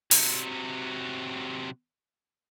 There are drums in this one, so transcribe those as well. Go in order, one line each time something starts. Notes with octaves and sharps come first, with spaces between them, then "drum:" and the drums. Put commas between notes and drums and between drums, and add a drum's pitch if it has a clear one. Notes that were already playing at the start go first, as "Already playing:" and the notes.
C3 F#3, drum: open hi-hat